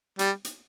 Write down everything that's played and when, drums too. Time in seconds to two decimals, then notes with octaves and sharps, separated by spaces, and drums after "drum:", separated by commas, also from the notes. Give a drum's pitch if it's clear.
0.19 G3, drum: hi-hat
0.45 drum: hi-hat